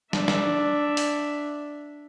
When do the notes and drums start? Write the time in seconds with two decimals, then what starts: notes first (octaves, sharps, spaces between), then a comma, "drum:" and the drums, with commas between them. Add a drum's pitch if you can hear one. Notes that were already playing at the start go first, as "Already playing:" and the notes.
0.13 D4 E5, drum: snare
0.28 drum: snare
0.97 drum: open hi-hat